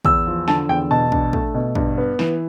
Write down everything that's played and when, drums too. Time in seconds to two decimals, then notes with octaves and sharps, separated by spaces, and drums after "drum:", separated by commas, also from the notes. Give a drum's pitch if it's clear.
0.05 E2 E6, drum: kick
0.27 F3
0.48 D3 A5, drum: snare
0.69 E2 G5
0.91 B2 A5
1.12 D4, drum: kick
1.33 A3, drum: kick
1.54 B2
1.75 G2, drum: kick
1.98 B3
2.19 E3, drum: snare